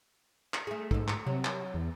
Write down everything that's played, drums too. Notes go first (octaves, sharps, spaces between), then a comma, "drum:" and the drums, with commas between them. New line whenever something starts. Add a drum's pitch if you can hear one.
drum: clap
A3 G#4
F2 G#2 A4, drum: kick
drum: clap
C3 F#3
drum: clap
E2